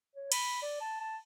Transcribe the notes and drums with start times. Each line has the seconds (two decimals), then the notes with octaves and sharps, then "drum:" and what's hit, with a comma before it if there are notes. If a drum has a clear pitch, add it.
0.15 C#5
0.32 B5, drum: cymbal
0.62 D5
0.81 A5
1.01 A5